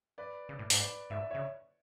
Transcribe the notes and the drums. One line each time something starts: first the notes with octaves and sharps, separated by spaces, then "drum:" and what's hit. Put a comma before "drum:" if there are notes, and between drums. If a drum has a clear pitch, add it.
B4 D5
C#3
A2
G#2, drum: open hi-hat
B4 D5
G#2 E5
D5
C#5 E5
C#3